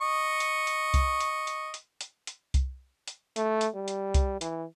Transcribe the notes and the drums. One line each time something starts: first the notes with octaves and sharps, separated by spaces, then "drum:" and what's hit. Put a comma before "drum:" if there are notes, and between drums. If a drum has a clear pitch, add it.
D#5 C#6
drum: hi-hat
drum: hi-hat
drum: kick C2, hi-hat
drum: hi-hat
drum: hi-hat
drum: hi-hat
drum: hi-hat
drum: hi-hat
drum: kick C2, hi-hat
drum: hi-hat
A3, drum: hi-hat
drum: hi-hat
G3
drum: hi-hat
drum: kick C2, hi-hat
E3, drum: hi-hat